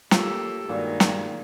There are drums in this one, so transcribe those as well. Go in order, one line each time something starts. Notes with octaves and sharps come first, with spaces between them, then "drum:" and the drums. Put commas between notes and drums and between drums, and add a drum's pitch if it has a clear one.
A#3 F4 G4 A4 C#5, drum: snare
G2 A#2 D#3 G#3 F#4
drum: snare